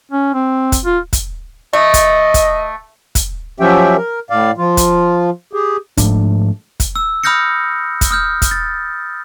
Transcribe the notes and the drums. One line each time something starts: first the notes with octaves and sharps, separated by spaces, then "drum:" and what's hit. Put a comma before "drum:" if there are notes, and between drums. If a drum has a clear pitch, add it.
C#4
C4
drum: kick, hi-hat
F4
drum: kick, hi-hat
A3 D#5
drum: kick, hi-hat
drum: kick, hi-hat
drum: kick, hi-hat
F3 F#3 C#4 G4 E5 G5
A#4
A2 D5 F5
F3 F4
drum: kick, hi-hat
G4 G#4
G#2 F3 A3 D4, drum: kick, hi-hat
drum: kick, hi-hat
E6
B5 D#6 F6 G6 A#6 C#7
drum: kick, hi-hat
D#6 F6 G6
drum: kick, hi-hat
A6